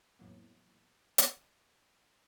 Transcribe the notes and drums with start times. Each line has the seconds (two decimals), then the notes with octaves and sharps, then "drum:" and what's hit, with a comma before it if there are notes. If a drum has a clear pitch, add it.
0.19 F2 A2 E3 F#3 A#3 B3
1.18 drum: hi-hat